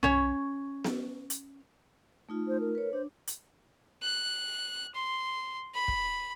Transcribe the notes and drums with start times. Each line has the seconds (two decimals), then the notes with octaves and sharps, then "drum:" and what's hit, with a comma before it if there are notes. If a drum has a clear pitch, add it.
0.03 C#4 C#5, drum: tom B1
0.84 drum: snare B3
1.30 drum: hi-hat
2.29 A3 D#4 F4
2.48 C5
2.60 A#4
2.75 B4 C#5
2.93 D4 C5
3.27 drum: hi-hat
4.02 F#6
4.95 C6
5.74 B5
5.88 drum: kick